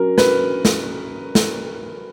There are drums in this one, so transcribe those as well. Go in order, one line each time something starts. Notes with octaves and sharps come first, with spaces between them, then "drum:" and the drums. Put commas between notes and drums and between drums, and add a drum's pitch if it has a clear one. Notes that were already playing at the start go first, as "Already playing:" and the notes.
Already playing: F#3 C#4 F#4 A#4
B4, drum: snare
drum: snare
drum: snare